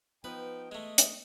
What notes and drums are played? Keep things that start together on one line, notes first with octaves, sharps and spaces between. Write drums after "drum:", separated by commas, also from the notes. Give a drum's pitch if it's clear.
F3 B3 D#4 B4 G5
G#3 A3 D#5
drum: hi-hat